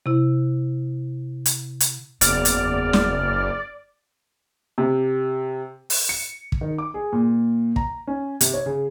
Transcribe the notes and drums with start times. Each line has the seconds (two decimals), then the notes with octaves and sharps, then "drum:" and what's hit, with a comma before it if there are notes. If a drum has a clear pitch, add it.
0.06 C3 E4
1.46 drum: hi-hat
1.80 drum: hi-hat
2.21 F#1 E2 D5 F6, drum: hi-hat
2.45 drum: hi-hat
2.93 drum: snare
4.78 C3
5.90 drum: open hi-hat
6.09 C#7
6.52 drum: kick
6.61 D#3
6.78 D6
6.94 G#4
7.13 A#2
7.76 A#5, drum: kick
8.07 C#4
8.41 C3, drum: hi-hat
8.54 C#5
8.66 C#3